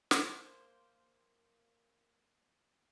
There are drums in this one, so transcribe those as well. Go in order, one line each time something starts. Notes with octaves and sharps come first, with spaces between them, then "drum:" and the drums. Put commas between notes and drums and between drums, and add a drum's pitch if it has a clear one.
A#3 C5, drum: snare